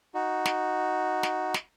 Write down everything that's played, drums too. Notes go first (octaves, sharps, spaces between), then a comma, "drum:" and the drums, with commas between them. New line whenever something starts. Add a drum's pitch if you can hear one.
D#4 F#4
drum: snare
drum: snare
drum: snare